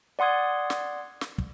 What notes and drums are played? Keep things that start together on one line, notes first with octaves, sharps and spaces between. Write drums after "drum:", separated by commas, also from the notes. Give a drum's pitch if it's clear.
D5 F#5 C6 D#6 G#6
drum: snare
drum: snare
drum: kick